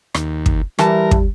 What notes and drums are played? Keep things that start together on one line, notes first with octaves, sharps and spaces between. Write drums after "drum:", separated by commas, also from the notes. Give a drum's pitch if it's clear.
D#2, drum: rim click
drum: kick
E3 G3 A#4 A5, drum: rim click
drum: kick